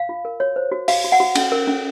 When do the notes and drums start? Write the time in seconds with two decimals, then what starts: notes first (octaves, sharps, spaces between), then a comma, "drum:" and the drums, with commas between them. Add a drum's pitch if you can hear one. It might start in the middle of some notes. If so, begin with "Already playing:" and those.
Already playing: F5
0.09 F4
0.25 A#4
0.40 F#4 C#5
0.56 C5
0.72 F#4
0.88 F#4 F5, drum: open hi-hat
1.04 F#4
1.12 F#5
1.20 F#4
1.35 C#4, drum: cymbal
1.52 A#4
1.67 C#4